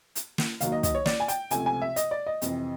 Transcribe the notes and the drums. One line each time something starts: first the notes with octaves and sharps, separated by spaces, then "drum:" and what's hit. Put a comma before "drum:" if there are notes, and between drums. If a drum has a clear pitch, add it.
drum: hi-hat
drum: snare
D#2 D#3 F#3 A#3 F5, drum: hi-hat
D#5
D#5, drum: kick, hi-hat
C#5
D5, drum: snare
G#5
G5, drum: hi-hat
C#2 C3 F3 A3 G#5, drum: hi-hat
G#5
E5
D#5, drum: hi-hat
D5
D#5
F2 C3 E3, drum: hi-hat